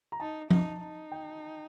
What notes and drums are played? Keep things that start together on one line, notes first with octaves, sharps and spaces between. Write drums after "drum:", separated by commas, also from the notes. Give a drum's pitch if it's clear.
A#5
D#4 A5
D#4, drum: tom F3
D#4
G5